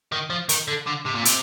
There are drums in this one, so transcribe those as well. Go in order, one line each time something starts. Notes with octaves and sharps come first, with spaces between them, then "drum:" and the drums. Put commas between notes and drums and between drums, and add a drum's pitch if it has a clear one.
D#3
F3
D#3, drum: hi-hat
D3
D3
C3
A#2
C3, drum: hi-hat